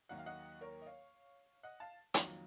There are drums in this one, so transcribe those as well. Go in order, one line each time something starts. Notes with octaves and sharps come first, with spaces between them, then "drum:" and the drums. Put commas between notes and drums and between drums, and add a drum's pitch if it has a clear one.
D#2 D#3 F#3 A#3 F#5
F5
D#5 F#5
A#4 C#5
D#5
C#5 F5
D#5 F#5
F5 A5
F2 D#3 F#3 A#3, drum: hi-hat